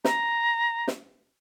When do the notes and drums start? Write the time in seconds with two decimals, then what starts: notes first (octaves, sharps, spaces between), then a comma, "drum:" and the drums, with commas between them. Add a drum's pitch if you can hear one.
0.05 A#5, drum: snare
0.88 drum: snare